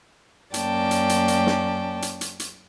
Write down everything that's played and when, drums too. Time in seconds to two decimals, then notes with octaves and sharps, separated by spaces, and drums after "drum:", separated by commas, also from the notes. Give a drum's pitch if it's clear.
0.54 F#2 A#3 C#4 D5 G5 A5, drum: hi-hat
0.91 drum: hi-hat
1.09 drum: hi-hat
1.28 drum: hi-hat
1.47 drum: snare
2.02 drum: hi-hat
2.21 drum: hi-hat
2.39 drum: hi-hat